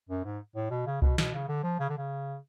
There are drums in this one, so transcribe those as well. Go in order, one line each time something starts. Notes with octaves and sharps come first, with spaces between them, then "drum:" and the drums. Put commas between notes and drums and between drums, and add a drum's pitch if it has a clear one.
F#2
G#2
A2
B2
C#3
B2, drum: kick C2
B2, drum: snare
C#3
D3
F3
C#3
D3
C#3